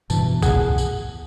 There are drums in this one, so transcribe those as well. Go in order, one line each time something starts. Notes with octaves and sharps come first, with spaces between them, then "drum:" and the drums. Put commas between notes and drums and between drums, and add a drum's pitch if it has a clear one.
G2 B2 E3 A5, drum: tambourine
G#4 F#5, drum: kick, tambourine
drum: tambourine